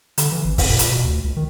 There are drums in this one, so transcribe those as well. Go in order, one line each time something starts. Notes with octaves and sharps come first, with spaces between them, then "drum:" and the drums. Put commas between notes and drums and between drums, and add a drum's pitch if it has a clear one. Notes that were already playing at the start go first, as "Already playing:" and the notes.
D3, drum: hi-hat
E3
G#1
F2, drum: kick C#1, open hi-hat
A#2
drum: hi-hat
B2
D2
C#2
D#3